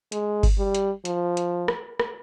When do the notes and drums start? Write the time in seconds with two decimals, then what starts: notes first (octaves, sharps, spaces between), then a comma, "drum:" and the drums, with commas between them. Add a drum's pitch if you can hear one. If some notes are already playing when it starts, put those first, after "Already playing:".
0.12 G#3, drum: hi-hat
0.43 drum: kick G1, open hi-hat
0.59 G3
0.75 drum: hi-hat
1.05 F3, drum: hi-hat
1.37 drum: hi-hat
1.68 drum: rim click
2.00 drum: rim click